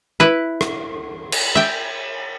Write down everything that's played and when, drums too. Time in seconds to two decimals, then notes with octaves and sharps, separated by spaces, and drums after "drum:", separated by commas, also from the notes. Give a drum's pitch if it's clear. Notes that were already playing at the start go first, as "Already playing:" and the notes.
0.20 E4 B4
0.61 drum: rim click
1.32 drum: cymbal
1.55 E5 G5